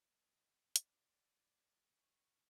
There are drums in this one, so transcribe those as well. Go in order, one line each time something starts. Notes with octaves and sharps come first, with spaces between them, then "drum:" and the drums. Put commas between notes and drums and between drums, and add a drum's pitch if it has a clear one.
D#5
D5, drum: hi-hat
C#6